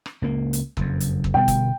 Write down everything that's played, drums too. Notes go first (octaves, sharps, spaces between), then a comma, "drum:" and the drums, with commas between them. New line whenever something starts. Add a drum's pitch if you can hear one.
drum: rim click
C#2 A#3
drum: hi-hat
F#1 F2, drum: kick
drum: hi-hat
drum: kick
G1 B2 G3 G5
drum: kick, hi-hat